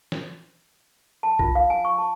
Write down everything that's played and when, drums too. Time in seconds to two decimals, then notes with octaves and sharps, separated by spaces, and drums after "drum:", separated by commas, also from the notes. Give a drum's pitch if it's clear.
0.12 drum: snare
1.23 A5
1.39 F4, drum: kick B1
1.55 F5
1.70 G#5
1.85 C#6
1.98 A5